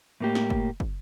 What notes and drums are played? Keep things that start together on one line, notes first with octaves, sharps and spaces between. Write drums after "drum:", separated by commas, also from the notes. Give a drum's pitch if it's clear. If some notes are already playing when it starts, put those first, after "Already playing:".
A2 A#3 G4
drum: snare
drum: kick
drum: kick